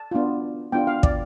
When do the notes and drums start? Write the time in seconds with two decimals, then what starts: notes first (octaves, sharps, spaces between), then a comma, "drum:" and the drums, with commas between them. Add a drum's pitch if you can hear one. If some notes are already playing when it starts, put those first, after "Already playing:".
Already playing: A5
0.11 B3 D4 F4
0.72 B3 D4 F4 G5
0.87 F5
1.03 D5, drum: kick